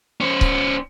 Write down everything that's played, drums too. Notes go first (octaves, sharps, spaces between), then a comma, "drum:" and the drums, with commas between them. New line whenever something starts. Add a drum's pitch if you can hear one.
C#4 C5
drum: kick C#1